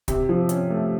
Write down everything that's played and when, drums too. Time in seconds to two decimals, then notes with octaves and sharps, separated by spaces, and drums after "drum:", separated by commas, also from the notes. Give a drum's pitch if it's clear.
0.08 C3, drum: kick, hi-hat
0.29 F3
0.49 C#4, drum: hi-hat
0.70 A3